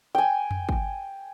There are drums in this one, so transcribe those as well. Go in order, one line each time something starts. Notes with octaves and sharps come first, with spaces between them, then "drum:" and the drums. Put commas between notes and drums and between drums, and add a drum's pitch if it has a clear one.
G5 G#5
drum: tom F2
drum: kick